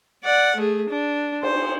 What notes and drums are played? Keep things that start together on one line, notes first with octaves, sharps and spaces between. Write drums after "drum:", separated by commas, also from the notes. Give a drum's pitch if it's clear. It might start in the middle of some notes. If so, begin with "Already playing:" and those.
D5 F#5
A3 G#4
D4
C5, drum: cymbal